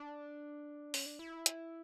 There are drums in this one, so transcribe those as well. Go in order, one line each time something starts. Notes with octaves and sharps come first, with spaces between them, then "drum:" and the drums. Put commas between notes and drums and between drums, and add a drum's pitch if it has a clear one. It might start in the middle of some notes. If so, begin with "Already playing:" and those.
Already playing: D4
C#4, drum: open hi-hat
D4
E4
drum: hi-hat